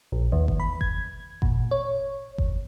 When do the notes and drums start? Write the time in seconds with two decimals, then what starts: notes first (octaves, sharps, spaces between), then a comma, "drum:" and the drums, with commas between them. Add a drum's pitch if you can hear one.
0.12 A#1
0.32 D#2
0.48 drum: kick G1
0.60 B5
0.81 G#6, drum: kick G1
1.42 A#2, drum: kick G1
1.71 C#5
2.38 drum: kick G1